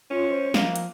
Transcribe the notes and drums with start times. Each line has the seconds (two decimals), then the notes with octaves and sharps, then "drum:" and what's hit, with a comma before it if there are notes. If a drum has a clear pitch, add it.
0.10 C#4 F4
0.29 C5
0.54 F3 A#3, drum: snare
0.76 drum: hi-hat